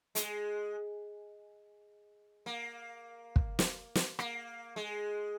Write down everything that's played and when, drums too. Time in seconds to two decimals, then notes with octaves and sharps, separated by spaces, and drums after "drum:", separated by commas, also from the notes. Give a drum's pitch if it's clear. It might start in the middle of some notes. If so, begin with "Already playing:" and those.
0.15 G#3, drum: hi-hat
2.46 A#3
3.36 drum: kick
3.59 drum: snare
3.95 drum: snare
4.19 A#3, drum: rim click
4.76 G#3